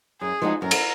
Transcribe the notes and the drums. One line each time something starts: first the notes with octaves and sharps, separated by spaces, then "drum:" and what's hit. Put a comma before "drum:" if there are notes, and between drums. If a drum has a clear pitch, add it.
F#2 G#4
F3 G#3 D#4 F#4
F#2 A#4
drum: cymbal